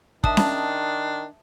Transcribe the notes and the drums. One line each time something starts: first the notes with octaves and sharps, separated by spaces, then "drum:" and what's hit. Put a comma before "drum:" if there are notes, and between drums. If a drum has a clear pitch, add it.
D#3 D4 E5 A5 D#6, drum: kick
drum: snare C#4